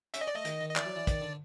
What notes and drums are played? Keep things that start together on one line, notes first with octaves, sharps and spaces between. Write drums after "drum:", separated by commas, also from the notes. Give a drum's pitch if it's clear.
C#4 E5, drum: hi-hat
D#5
D5
A3 D#5
D#3, drum: hi-hat
D#3
D#5
E3 D5, drum: clap
F#3
E3
D#3, drum: kick, hi-hat
D3